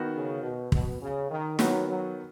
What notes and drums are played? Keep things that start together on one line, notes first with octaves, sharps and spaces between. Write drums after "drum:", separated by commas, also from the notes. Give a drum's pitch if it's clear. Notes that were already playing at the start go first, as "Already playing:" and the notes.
Already playing: D#3 B3 F#4
C#3
B2
B2, drum: kick
C#3
D#3
D#3 F#3 B3 F#4, drum: snare
F#3